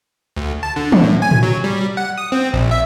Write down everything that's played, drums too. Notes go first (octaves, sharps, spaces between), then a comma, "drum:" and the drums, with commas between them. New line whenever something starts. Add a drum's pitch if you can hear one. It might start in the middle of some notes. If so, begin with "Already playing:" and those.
D2
A5
D3
drum: tom
A2
G#5
drum: tom
F#3
G3
F#5
D#6
C4
A#1
E5